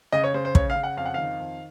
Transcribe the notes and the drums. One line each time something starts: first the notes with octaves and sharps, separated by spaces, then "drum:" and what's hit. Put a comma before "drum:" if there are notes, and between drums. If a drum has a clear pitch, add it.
C#3 D#5
C#5
C#3 C5
C5
C#3 C#5, drum: kick
F5
C#3
F#5
F2 F5
F#5
D#3 F5
F2